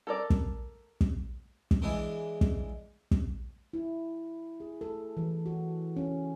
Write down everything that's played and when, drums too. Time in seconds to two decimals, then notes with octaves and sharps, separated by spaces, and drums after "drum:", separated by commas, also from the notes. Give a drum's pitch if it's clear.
0.07 A4 A#4 D5
0.30 drum: kick
1.01 drum: kick
1.71 drum: kick
1.82 E3 G#3 D4 E4
2.41 drum: kick
3.11 drum: kick
3.73 E4
4.60 G#4
4.81 A4
5.17 E3
5.46 F#4
5.97 C#4